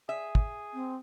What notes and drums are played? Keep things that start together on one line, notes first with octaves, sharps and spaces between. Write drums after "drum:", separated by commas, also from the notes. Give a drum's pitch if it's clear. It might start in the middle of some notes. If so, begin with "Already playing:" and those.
G#4 E5
drum: kick
C4